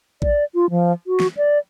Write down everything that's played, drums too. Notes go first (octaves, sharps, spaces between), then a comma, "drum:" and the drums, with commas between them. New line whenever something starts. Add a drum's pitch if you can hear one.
D5, drum: kick A#1
F4
F3
F#4
drum: snare
D5